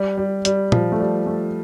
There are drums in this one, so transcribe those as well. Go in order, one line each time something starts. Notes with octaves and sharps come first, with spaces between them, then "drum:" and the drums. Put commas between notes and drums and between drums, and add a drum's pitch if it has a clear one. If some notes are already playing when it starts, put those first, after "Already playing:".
Already playing: G3
G3
G3, drum: hi-hat
F3, drum: tom A#2
A3
G3
A3